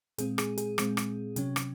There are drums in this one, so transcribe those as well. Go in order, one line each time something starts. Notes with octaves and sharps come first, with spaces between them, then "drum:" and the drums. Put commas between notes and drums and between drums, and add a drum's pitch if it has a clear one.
A#2 G#3 C4 G#4, drum: hi-hat
G#4, drum: rim click
G#4, drum: hi-hat
A#2 G#3 C4, drum: rim click
drum: rim click
C3 F#3 C#4, drum: hi-hat
drum: rim click